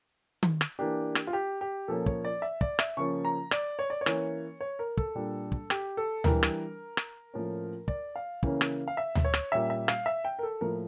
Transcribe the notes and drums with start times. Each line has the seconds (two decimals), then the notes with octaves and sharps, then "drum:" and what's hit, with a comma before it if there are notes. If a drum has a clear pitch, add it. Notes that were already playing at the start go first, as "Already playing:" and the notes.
0.43 drum: tom D#3
0.61 drum: rim click
0.79 E3 A#3 D4 G4
1.15 drum: rim click
1.27 F4
1.33 G4
1.61 G4
1.88 A#2 F3 A#3 C#4 A4
2.06 C#5, drum: kick
2.25 D5
2.42 E5
2.61 D5, drum: kick
2.79 E5, drum: rim click
2.97 C#3 F3 A#3 C#4 C#6
3.25 A#5
3.51 D5, drum: rim click
3.79 C#5
3.90 D5
4.01 C#5
4.06 E3 A#3 C#4, drum: rim click
4.61 C#5
4.79 A#4
4.97 A4, drum: kick
5.15 A#2 G3 D4
5.52 drum: kick
5.70 G4, drum: rim click
5.97 A4
6.24 E3 G3 D4 A#4, drum: tom D2
6.43 drum: rim click
6.97 drum: rim click
7.34 A2 F3 A#3 C#4
7.88 D5, drum: kick
8.16 F5
8.43 C#3 E3 A#3 C#4, drum: kick
8.61 drum: rim click
8.88 F5
8.97 E5
9.15 drum: tom D2
9.25 C#5
9.34 drum: rim click
9.52 A#2 G3 C#4 E5
9.70 E5
9.88 F5, drum: rim click
10.06 E5
10.25 G5
10.39 A#4
10.43 A4
10.61 A2 F3 A#3 A#4